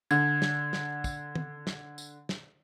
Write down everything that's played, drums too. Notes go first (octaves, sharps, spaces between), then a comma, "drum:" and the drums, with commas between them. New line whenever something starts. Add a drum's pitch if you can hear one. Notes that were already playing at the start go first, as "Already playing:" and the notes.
D3 G#6, drum: tambourine
drum: snare
drum: snare
drum: kick, tambourine
drum: tom
drum: snare
drum: tambourine
drum: snare